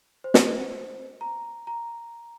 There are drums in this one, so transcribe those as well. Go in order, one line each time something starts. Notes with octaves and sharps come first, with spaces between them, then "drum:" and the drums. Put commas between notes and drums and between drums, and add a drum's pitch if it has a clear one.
C5
drum: snare
A#5
A#5